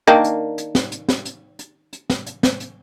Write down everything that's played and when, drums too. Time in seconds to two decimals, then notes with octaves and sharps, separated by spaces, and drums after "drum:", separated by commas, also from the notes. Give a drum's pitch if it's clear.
0.07 D#3 A#3 D4
0.24 drum: hi-hat
0.58 drum: hi-hat
0.75 drum: snare
0.92 drum: hi-hat
1.09 drum: snare
1.25 drum: hi-hat
1.59 drum: hi-hat
1.93 drum: hi-hat
2.10 drum: snare
2.26 drum: hi-hat
2.43 drum: snare
2.60 drum: hi-hat